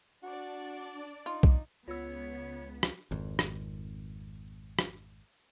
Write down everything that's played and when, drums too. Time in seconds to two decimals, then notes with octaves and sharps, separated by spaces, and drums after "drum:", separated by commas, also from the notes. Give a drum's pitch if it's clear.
0.23 D4 F#4 D5
1.26 D#4 F4
1.43 drum: kick B1
1.88 C#2 B3 F4 C#5 E6
2.83 drum: rim click
3.11 G#1 F2
3.39 drum: rim click
4.79 drum: rim click